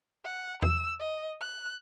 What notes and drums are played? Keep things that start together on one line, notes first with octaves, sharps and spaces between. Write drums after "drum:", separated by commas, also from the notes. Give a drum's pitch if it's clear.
F#5
E6, drum: tom E2
D#5
F#6